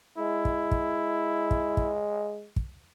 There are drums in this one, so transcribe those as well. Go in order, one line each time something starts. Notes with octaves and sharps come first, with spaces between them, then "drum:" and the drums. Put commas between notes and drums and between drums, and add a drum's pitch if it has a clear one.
G#3 E4
drum: kick
drum: kick
drum: kick
drum: kick
drum: kick